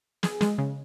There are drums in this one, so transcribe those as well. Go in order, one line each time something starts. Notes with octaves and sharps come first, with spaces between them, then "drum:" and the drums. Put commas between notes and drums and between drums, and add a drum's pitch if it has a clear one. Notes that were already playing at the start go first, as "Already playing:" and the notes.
G#4, drum: snare
G#3, drum: snare
C#3